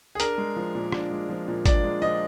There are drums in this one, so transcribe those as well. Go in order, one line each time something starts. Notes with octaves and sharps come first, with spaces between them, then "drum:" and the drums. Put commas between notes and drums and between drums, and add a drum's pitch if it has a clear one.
G#4
D4 A#4, drum: hi-hat
G#3
F3
A#2
D4, drum: rim click
G#3
F3
A#2
D4 D5, drum: kick, hi-hat
G#3
F3 D#5